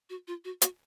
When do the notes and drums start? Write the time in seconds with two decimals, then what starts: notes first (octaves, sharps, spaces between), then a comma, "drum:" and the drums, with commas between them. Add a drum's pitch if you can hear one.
0.10 F#4
0.28 F4
0.45 F#4
0.62 F#4, drum: hi-hat